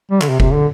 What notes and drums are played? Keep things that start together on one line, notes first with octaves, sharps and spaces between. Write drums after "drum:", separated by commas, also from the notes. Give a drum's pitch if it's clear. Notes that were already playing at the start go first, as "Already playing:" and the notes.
G3
D3, drum: clap
C3
C3, drum: kick F1
D3